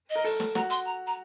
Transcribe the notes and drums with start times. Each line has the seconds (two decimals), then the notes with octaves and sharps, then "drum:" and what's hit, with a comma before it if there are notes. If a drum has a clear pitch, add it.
0.10 D#5
0.15 A#4
0.24 A4, drum: open hi-hat
0.40 drum: snare
0.55 F#4 A#5, drum: snare
0.70 C6, drum: hi-hat
0.86 A#5
1.07 A#5